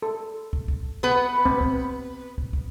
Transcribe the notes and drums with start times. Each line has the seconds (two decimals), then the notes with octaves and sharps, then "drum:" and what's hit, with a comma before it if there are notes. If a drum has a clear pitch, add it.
0.02 A4
0.53 drum: kick
0.68 drum: kick
1.03 B3 B4
1.45 C4, drum: kick
1.61 drum: kick
2.38 drum: kick
2.53 drum: kick